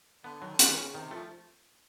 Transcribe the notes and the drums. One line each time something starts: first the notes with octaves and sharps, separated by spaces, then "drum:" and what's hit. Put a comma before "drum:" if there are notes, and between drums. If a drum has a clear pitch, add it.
D3 B3
D#3 F#3
D3
D#3 F4, drum: hi-hat
C#3 C#4
C3 D#3
F3 A3